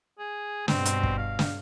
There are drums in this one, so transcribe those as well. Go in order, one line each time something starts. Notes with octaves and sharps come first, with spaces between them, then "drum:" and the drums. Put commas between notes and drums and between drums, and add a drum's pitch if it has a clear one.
G#4
G2 B2 C4, drum: snare
drum: hi-hat
drum: kick
F5
drum: snare